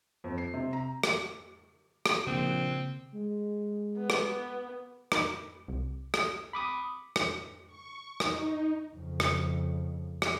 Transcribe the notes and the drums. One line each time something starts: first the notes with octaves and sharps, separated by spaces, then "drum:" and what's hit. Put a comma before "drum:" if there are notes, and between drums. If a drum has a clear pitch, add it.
F2
C7
C3
A#5
drum: rim click
drum: rim click
A#1 C#3 A#3 C4
G#3
B3
drum: rim click
D#4 A#4 B5, drum: rim click
C2
drum: rim click
B5 D6 D#6
drum: rim click
C#6
D#4, drum: rim click
F2 C#3
drum: rim click
drum: rim click